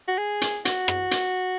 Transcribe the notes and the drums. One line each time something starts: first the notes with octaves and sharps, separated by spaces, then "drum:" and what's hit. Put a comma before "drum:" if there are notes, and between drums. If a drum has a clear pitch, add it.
F#4
G#4
drum: hi-hat
F#4, drum: hi-hat
drum: rim click
drum: hi-hat